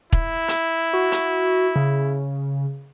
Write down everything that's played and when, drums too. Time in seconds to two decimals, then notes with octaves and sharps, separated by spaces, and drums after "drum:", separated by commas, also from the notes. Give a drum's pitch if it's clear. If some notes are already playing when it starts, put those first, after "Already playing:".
0.12 E4, drum: kick
0.48 drum: hi-hat
0.93 F#4
1.12 drum: hi-hat
1.76 C#3